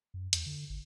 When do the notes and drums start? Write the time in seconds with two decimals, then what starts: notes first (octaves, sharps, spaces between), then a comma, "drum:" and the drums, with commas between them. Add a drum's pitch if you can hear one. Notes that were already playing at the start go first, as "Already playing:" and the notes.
0.14 F#2
0.33 E2, drum: hi-hat
0.46 D3
0.70 G#1